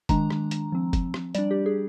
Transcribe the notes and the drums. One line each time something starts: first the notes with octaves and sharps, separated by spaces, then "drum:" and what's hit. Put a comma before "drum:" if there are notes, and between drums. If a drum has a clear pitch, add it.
D#3 G#3 D4 A#5, drum: kick, hi-hat
drum: rim click
drum: hi-hat
F3 C4
drum: kick, hi-hat
drum: rim click
G3 D4 D5, drum: hi-hat
G4
G#4